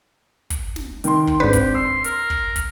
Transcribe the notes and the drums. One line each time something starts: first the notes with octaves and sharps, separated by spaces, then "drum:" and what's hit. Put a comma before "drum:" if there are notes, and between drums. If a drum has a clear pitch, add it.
drum: kick, hi-hat
drum: snare
D#3 C6, drum: hi-hat
drum: kick
G#2 C4 D4 G4 B4
drum: kick, hi-hat
C6 E6
A#4, drum: hi-hat
drum: kick
drum: kick, hi-hat